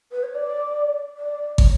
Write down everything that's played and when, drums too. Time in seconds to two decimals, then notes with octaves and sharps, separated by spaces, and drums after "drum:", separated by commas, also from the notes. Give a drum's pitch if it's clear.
0.12 B4
0.23 C#5
0.35 D5
1.17 D5
1.58 C#5, drum: kick